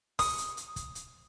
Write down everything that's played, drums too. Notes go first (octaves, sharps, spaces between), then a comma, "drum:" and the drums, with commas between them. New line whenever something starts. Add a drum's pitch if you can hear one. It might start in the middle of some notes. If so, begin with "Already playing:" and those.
D#6, drum: kick, open hi-hat
drum: hi-hat
drum: hi-hat
drum: kick, hi-hat
drum: hi-hat